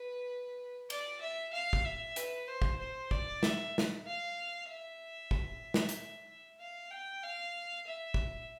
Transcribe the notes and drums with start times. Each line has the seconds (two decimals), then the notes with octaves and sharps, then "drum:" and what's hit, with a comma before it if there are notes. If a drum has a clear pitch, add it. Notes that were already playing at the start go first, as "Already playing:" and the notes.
Already playing: B4
0.90 D5, drum: cymbal
1.21 E5
1.53 F5
1.73 drum: kick
1.85 E5
2.16 B4, drum: hi-hat
2.48 C5
2.62 drum: kick
2.79 C5
3.11 D5, drum: kick
3.43 E5, drum: snare
3.78 drum: snare
4.07 F5
4.70 E5
5.31 drum: kick
5.74 drum: snare
5.89 drum: hi-hat
6.60 F5
6.91 G5
7.23 F5
7.87 E5
8.14 drum: kick